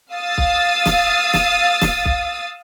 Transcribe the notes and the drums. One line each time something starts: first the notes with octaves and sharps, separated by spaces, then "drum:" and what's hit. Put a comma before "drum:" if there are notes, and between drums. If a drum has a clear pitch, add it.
F5 D#6 E6 A6
drum: kick B1
drum: snare
drum: snare
drum: snare
drum: kick B1